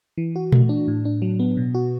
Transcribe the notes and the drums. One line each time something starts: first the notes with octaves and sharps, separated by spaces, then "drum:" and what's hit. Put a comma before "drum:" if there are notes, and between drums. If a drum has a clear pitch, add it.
E3
F#4
A3, drum: tom A#2
D4
A2
D4
F#3
B3
B2
F#4